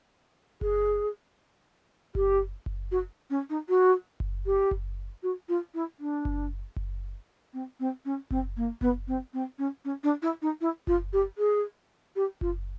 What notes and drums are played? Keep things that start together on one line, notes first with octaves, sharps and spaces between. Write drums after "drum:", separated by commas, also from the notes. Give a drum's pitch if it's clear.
G#4, drum: kick F#1
G4, drum: kick F#1
drum: kick F#1
F#4
C#4
D#4
F#4
drum: kick F#1
G4
drum: kick F#1
F#4
F4
E4
D4
drum: kick F#1
drum: kick F#1
C4
C4
C#4
C4, drum: kick F#1
A#3
B3, drum: kick F#1
C4
C4
C#4
C#4
D4
E4
D#4
E4
F4, drum: kick F#1
G4
G#4
G4
F4, drum: kick F#1